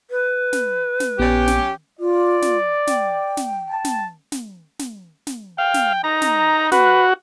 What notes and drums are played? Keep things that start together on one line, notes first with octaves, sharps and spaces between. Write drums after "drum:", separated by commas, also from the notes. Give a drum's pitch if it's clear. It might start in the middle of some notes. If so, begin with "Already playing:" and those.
B4
drum: snare
drum: snare
A#1 B3 C#4 G4
drum: snare
F4 D5
drum: snare
G5, drum: snare
drum: snare
A5
drum: snare
drum: snare
drum: snare
drum: snare
F5 G5
drum: snare
D#4 A#5
drum: snare
F#4 B4, drum: snare